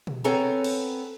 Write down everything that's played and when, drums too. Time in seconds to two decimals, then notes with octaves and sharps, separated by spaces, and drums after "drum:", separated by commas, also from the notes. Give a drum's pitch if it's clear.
0.07 drum: tom B2
0.24 B3 C4 A4 C#5 G#5 A#5
0.64 drum: cymbal